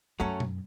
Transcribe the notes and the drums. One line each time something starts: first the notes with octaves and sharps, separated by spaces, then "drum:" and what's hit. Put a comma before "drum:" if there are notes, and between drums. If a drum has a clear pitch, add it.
F#2 F#3 A3 C#4
drum: tom B2